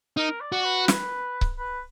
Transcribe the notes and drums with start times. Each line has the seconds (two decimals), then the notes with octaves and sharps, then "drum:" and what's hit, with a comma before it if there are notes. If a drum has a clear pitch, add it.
0.17 D#4 A#4
0.41 D5
0.52 F#4
0.65 B4
0.88 drum: snare
1.41 drum: kick C#1
1.59 B4